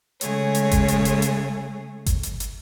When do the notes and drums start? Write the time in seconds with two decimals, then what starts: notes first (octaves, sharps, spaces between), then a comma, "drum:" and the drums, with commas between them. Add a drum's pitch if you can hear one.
0.21 C#3 G#3 A3 G#4 C#5, drum: hi-hat
0.55 drum: hi-hat
0.71 drum: kick G1, hi-hat
0.88 drum: hi-hat
1.05 drum: hi-hat
1.22 drum: hi-hat
2.06 drum: kick G1, hi-hat
2.23 drum: hi-hat
2.40 drum: hi-hat